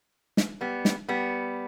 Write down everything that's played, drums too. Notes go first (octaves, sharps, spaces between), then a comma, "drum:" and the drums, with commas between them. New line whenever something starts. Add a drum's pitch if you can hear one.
drum: snare
G3 B3
drum: snare
G3 B3